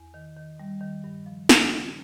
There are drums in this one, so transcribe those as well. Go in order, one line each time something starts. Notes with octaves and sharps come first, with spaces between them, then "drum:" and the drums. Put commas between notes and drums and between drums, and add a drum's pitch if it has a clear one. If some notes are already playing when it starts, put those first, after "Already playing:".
Already playing: E2
D#3
D#3
G3
D#3
G2
F3
C#4, drum: snare
C#3